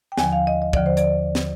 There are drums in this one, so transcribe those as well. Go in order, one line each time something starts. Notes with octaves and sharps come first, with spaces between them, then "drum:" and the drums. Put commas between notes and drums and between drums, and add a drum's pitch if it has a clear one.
G5
D#2 D3 F3 G#5, drum: snare
F5
D#5
D#5
D#2 D3 F3 D5, drum: kick
C5
D5, drum: hi-hat
drum: snare